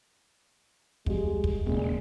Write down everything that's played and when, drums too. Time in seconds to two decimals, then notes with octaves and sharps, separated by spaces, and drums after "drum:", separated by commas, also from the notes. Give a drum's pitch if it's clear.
1.06 F3 G3 G#3, drum: kick
1.44 drum: kick
1.67 E1 A#2 C#3 G#3